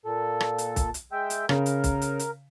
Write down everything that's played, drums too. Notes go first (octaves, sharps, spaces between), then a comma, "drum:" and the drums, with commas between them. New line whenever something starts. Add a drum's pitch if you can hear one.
A#2 A4
drum: rim click
drum: hi-hat
drum: kick B1, hi-hat
drum: hi-hat
G#3 E5 G5
drum: hi-hat
C#3 A#4, drum: rim click
drum: hi-hat
drum: kick B1, hi-hat
drum: hi-hat
drum: hi-hat